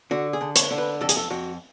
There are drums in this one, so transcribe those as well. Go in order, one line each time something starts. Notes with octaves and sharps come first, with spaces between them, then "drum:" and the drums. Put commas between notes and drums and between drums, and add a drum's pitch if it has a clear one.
D3 F#4
G#4
D3
C#5, drum: hi-hat
D3
B4
F2 A4
G#4, drum: hi-hat
A4
F2 F#4